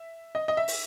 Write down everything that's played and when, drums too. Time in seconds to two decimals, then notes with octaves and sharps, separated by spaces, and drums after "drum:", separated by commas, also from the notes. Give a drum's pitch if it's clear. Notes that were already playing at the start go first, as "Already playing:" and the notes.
Already playing: E5
0.35 D#5
0.48 D#5
0.57 E5
0.68 drum: open hi-hat